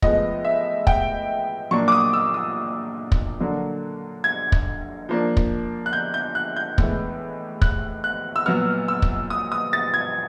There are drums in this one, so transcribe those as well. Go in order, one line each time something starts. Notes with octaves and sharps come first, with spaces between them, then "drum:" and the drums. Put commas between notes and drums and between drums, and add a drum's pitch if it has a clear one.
A2 F3 G#3 B3 D#5, drum: kick
E5
G5, drum: kick
A#2 F#3 A#3 D4 C#6
D6
D#6
E6
D#6
drum: kick
D3 F#3 A#3 D4
G#6
drum: kick
F3 A#3 D4
drum: kick
F#6
G6
G6
F#6
G6
A2 E3 G#3 B3, drum: kick
F#6, drum: kick
F#6
E6
A#2 F#3 B3 F6
E6
drum: kick
D#6
D#6
A6
G#6